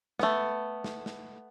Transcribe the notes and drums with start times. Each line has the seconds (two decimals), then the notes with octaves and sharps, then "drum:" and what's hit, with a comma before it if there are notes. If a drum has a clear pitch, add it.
0.19 A3 B3, drum: snare
0.84 drum: snare
1.06 drum: snare